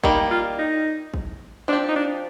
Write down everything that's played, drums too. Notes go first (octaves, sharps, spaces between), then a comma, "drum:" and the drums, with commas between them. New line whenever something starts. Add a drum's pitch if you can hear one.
D#3 G3 A#3 G4, drum: kick
F4
D#4
drum: kick
F3 C4 D4 G4
D#4
D4